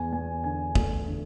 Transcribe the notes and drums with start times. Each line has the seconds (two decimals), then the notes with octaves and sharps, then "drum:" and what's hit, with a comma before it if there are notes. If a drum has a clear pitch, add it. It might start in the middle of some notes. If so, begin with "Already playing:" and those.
Already playing: E2 G#5
0.12 E2 G#5
0.44 D3 G#5
0.75 A3, drum: kick
1.08 D3